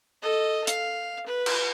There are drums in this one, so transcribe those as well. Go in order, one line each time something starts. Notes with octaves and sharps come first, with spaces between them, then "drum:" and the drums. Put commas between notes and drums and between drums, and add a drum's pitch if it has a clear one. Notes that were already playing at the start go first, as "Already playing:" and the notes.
A4 D#5
F5, drum: hi-hat
B4
drum: cymbal